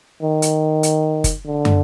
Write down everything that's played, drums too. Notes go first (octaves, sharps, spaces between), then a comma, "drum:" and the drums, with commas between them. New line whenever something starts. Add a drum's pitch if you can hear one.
D#3
drum: hi-hat
drum: hi-hat
drum: kick F#1, hi-hat
D3
drum: tom